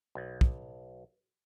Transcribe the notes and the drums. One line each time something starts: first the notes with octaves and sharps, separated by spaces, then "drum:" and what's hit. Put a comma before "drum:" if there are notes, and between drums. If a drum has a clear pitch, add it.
B1
drum: kick